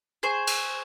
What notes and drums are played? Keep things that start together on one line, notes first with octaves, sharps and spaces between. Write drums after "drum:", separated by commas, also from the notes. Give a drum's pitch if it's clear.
G#4 C5 G#5 C#6 G#6
drum: cymbal